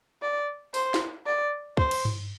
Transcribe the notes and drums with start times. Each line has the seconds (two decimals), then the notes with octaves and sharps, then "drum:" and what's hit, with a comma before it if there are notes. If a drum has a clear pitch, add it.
0.22 D5
0.74 C5, drum: open hi-hat
0.94 drum: snare
1.26 D5
1.77 C5, drum: kick
1.91 drum: cymbal
2.05 drum: tom G2